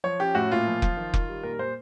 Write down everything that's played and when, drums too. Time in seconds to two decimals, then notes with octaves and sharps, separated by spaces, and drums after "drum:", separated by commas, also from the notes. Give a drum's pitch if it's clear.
0.04 F3 C#5
0.20 C#4 G4
0.35 A2 F#4
0.51 A#2 F4
0.67 F3
0.82 F3, drum: kick F1
0.97 D#3
1.14 D#3, drum: kick F1
1.29 G3
1.43 A#2 A#4
1.59 A#2 C5